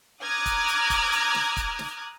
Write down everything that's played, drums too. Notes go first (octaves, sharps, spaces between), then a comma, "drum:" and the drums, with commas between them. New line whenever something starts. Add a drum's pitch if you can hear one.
A#5 D6 D#6 F6 F#6 G#6
drum: kick, hi-hat
drum: hi-hat
drum: kick, hi-hat
drum: hi-hat
drum: snare
drum: kick, hi-hat
drum: snare